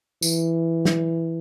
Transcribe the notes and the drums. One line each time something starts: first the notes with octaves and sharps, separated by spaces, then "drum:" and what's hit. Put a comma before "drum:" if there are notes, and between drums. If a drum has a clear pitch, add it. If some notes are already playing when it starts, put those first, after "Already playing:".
E3, drum: tambourine
drum: snare